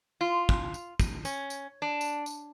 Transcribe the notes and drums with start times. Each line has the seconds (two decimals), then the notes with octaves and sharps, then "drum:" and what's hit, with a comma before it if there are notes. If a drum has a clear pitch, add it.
0.21 F4
0.49 drum: kick
0.74 drum: tambourine
1.00 drum: kick, tambourine
1.25 C#4, drum: tambourine
1.50 drum: tambourine
1.82 D4
2.01 drum: tambourine
2.26 drum: tambourine